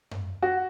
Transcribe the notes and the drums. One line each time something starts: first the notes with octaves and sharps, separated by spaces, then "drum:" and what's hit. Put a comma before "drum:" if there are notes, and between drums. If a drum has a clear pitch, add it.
drum: tom F#2
F#4